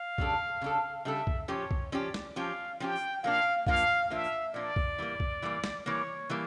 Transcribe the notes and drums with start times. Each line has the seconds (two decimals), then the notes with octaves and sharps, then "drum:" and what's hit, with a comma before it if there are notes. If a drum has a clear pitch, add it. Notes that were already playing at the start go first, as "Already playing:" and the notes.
Already playing: F5
0.18 C#3 G3 D4 A4, drum: kick B1
0.61 C#3 G3 D4 A4
1.05 C#3 G3 D4 A4 E5
1.27 drum: kick B1
1.48 F3 C#4 G4 C#5
1.71 drum: kick B1
1.92 F3 C#4 G4 D5
2.14 drum: snare
2.36 F3 C#4 G4 F5
2.80 F3 C#4 G4 G5
3.23 A#2 F3 A#3 D4 F5
3.67 A#2 F3 A#3 D4 F5, drum: kick B1
4.10 A#2 F3 A#3 D4 E5
4.54 A#2 F3 A#3 D4 D5
4.76 drum: kick B1
4.98 E3 G3 A#3
5.20 drum: kick B1
5.42 E3 G3 A#3
5.64 drum: snare
5.86 E3 G3 A#3 C#5
6.30 E3 G3 A#3